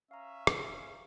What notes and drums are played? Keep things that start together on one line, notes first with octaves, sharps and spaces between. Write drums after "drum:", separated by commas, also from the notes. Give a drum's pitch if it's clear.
C#4 E5 F5 A#5
drum: rim click